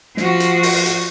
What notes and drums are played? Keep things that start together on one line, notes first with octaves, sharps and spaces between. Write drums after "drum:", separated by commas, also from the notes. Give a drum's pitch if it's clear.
F3 F#4, drum: snare
drum: hi-hat
drum: open hi-hat
drum: hi-hat